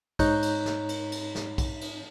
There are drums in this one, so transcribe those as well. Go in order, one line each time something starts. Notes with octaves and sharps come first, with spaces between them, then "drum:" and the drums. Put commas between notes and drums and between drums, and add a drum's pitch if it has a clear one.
G#2 D#4 C#5 A#5 F#6 G6, drum: kick B1, cymbal
drum: cymbal
drum: snare
drum: cymbal
drum: cymbal
drum: snare
drum: kick B1, cymbal
drum: cymbal